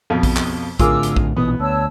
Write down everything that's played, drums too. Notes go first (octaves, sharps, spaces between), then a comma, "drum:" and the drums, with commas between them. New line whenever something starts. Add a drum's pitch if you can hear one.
F2 B2
drum: kick A#1, open hi-hat
drum: clap
A2 D3 F4 G#4 A#4 D6 E6, drum: kick A#1, hi-hat
drum: hi-hat
drum: kick A#1
A#1 B2 E3 B3 D#6
D2 C#5 A5 E6